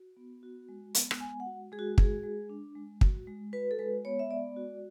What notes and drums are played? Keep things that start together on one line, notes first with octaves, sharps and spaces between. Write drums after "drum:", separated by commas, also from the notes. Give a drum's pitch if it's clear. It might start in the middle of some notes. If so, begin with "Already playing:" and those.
Already playing: F#4
B3
F#4
G#3
B3, drum: hi-hat
drum: rim click
G#3 G#5
F#5
F#4
G#3 G#4
F#4
F#4 G#4, drum: kick
G#3
D4
G#3
F#4, drum: kick
G#3
F#4 B4
A4
G#3 B4
B3 C#5
E5
G#3 D5
F#4